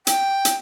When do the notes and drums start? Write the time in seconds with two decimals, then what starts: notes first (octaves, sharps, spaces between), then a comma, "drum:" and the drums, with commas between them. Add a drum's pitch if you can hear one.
0.07 G5, drum: hi-hat
0.45 drum: hi-hat